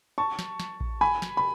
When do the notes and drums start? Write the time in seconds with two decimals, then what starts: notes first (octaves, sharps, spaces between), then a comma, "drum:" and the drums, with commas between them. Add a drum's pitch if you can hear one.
0.18 A5 C#6
0.39 drum: snare
0.60 drum: snare
0.80 drum: kick A1
1.01 G#5 B5
1.22 drum: snare
1.37 B5